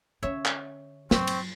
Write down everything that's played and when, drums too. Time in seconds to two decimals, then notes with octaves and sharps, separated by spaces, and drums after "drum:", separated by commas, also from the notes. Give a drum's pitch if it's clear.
0.23 D3 C#4 C#5 E5
0.45 drum: clap
1.11 F#3 C4 C#6, drum: snare
1.27 drum: cymbal